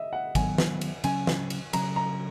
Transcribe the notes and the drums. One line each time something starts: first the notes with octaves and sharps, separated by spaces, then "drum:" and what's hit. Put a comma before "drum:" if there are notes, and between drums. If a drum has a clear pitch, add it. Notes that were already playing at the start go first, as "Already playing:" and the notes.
Already playing: D#5 E5
F#5
D#3 F#3 B3 G#5, drum: kick G#1, cymbal
drum: snare
drum: cymbal
C#3 F#3 C#4 G#5, drum: cymbal
drum: snare
drum: cymbal
C#3 F#3 C#4 A#5, drum: cymbal
A#5